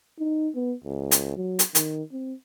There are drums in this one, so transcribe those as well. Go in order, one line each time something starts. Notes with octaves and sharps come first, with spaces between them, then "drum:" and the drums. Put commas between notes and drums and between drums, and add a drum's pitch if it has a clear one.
D#4
B3
C#2
drum: hi-hat
F#3
drum: hi-hat
D#3, drum: hi-hat
C4